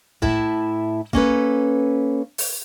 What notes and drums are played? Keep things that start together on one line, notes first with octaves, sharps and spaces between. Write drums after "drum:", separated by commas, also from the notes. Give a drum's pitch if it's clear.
A2 E4 E5 A5, drum: kick
A#3 C#4 A4 B4, drum: kick
drum: open hi-hat